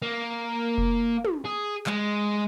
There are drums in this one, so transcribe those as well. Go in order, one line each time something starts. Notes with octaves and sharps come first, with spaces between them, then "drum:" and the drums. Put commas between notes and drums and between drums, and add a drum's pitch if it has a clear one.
A#3
drum: kick F1
drum: tom
G#4
G#3, drum: clap